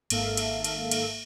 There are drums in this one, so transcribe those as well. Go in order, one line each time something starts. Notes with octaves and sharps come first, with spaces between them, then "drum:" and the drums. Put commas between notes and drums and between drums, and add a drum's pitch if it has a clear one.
G#1 G#2 A#3 A4 E5 F5, drum: cymbal
drum: cymbal
drum: cymbal
drum: cymbal